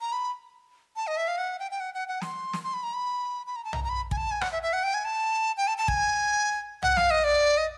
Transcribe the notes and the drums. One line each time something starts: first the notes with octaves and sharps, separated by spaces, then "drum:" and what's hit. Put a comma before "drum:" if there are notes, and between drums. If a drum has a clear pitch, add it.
A#5
B5
A5
D#5
E5
F5
F#5
G5
G5
F#5
F#5
F#5
C6, drum: snare
drum: snare
C6
B5
A#5
B5
B5
A#5
A5
A#5, drum: tom
A#5
B5
G#5, drum: kick
A5
G#5
F#5, drum: rim click
E5
E5
F#5
G5
G#5
A5
G5
A5
A5
G#5, drum: kick
F#5, drum: tom
F5, drum: snare
D#5
D5
D#5